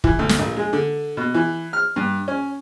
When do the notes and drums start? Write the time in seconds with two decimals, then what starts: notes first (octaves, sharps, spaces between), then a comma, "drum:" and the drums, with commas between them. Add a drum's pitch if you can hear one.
0.04 E3, drum: kick
0.19 D2
0.29 drum: snare
0.39 A#1
0.57 G#3
0.73 D3
1.17 B2
1.34 E3
1.73 F6
1.96 G2
2.28 C#4